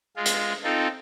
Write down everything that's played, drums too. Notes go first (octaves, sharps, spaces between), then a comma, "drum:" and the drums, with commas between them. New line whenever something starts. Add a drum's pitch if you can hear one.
G#3 F4
drum: hi-hat
C4 D#4 F4 A4